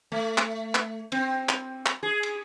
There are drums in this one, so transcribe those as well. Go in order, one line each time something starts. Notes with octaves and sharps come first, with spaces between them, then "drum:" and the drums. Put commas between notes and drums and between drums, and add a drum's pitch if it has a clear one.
A3
drum: clap
drum: clap
C4, drum: cymbal
drum: clap
drum: clap
G#4
drum: cymbal